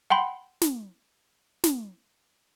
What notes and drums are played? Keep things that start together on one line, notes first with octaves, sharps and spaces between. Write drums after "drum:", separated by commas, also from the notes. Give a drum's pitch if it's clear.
F#5 G5 B5 C6
drum: snare
drum: snare